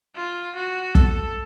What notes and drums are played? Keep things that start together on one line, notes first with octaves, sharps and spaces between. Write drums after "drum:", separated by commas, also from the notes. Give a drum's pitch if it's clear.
F4
F#4
A4, drum: kick